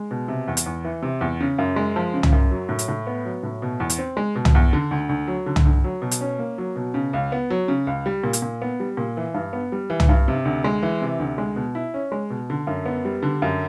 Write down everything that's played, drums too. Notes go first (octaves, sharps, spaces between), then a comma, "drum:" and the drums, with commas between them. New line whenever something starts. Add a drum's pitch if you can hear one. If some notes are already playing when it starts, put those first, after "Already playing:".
Already playing: G#3
B2
C3
E2
drum: hi-hat
E2
E3
C3
E2
C#3
F#2
G#3
F3
C#3
drum: tom
F#2
F#3
A2
drum: hi-hat
A2
B3
F#3
A2
B2
E2
drum: hi-hat
C4
G#3
B2
drum: tom
E2
D3
D2
D2
F#3
D3
drum: tom
D2
F#3
B2
drum: hi-hat
C#4
A#3
F#3
B2
C#3
C#2
B3
F#3
C#3
C#2
G3
A#2
drum: hi-hat
A#2
B3
G3
A#2
E3
G2
B3
G3
E3
drum: tom
G2
C3
D2
G#3
E3
C3
D2
G#3
B2
E4
C#4
G#3
B2
D3
F#2
B3
G3
D3
F#2